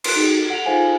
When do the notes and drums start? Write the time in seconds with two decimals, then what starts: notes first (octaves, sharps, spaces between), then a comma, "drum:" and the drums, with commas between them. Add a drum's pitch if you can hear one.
0.04 C6 F#6, drum: cymbal
0.16 D#4 F#4 G#4
0.50 F#5 F7
0.66 D#4 F4 G#4 C5 F5 G#5